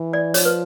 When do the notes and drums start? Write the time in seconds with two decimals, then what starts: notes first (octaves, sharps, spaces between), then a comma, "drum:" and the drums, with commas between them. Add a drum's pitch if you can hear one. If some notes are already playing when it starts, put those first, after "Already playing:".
Already playing: E3
0.13 D5
0.34 F3 C#5, drum: hi-hat
0.45 B4